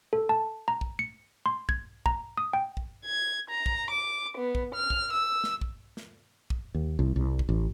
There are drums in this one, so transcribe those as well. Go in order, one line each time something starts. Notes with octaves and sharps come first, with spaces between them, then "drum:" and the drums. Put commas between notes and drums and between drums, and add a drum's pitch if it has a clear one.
A4
A5
A#5
drum: kick
C#7
C6
G#6, drum: kick
A#5, drum: kick
D#6
G5
drum: kick
G#6
A#5
drum: kick
D6
B3
drum: kick
F6
drum: kick
E6
drum: snare
drum: kick
drum: snare
drum: kick
D#2
C2
C2
drum: kick
A1